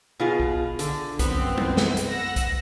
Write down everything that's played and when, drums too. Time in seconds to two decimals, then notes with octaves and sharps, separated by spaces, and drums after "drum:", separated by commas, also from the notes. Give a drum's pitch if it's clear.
0.20 B2 F4 G#4
0.40 drum: kick B1
0.79 D3, drum: hi-hat
1.19 F#2 B3 C4 C5, drum: kick B1, hi-hat
1.58 drum: tom G3
1.77 drum: snare
1.97 drum: hi-hat
2.08 F#5 E6 A#6
2.36 drum: kick B1, hi-hat